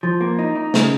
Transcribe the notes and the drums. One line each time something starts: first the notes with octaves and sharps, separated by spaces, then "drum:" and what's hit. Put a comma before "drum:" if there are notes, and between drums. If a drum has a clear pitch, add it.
F3
A#3
D#4
D#4
C#3, drum: snare